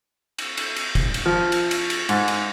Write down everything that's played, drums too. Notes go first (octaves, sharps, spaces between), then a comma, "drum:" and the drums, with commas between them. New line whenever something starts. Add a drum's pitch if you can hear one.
drum: cymbal
drum: cymbal
drum: cymbal
drum: kick, cymbal
drum: cymbal
F3
drum: cymbal
drum: cymbal
drum: cymbal
G#2, drum: cymbal
drum: cymbal